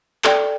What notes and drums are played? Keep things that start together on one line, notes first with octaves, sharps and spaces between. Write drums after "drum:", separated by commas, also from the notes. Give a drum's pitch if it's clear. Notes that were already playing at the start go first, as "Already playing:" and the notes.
A4 D5 G5, drum: clap